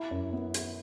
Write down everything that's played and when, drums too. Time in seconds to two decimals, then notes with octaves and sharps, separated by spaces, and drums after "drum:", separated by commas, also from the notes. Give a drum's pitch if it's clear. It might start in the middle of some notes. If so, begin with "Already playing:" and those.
Already playing: E4
0.11 F#2
0.33 B3
0.54 E4, drum: hi-hat